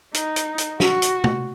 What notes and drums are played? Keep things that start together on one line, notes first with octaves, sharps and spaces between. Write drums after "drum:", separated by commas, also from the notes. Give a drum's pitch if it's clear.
D#4, drum: hi-hat
drum: hi-hat
drum: hi-hat
F#4, drum: snare
drum: hi-hat
drum: tom